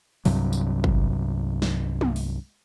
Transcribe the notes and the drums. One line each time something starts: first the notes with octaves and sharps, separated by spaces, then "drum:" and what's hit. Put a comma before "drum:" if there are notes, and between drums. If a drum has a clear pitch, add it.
C2 G2 C3 F#3, drum: open hi-hat
drum: tambourine
drum: kick G#1
drum: snare
drum: tom
drum: open hi-hat